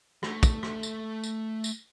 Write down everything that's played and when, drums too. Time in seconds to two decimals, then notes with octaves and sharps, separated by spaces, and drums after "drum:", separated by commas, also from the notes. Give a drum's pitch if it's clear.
0.23 A3, drum: rim click
0.43 drum: kick, tambourine
0.63 drum: rim click
0.83 drum: tambourine
1.24 drum: tambourine
1.64 drum: tambourine